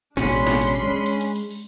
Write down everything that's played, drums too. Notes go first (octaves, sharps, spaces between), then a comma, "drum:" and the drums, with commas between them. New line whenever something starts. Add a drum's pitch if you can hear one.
A1 B2 G#3 C#4 D4 B5 C6, drum: snare
drum: hi-hat
drum: snare
drum: hi-hat
G#3
drum: hi-hat
drum: hi-hat
drum: hi-hat
drum: open hi-hat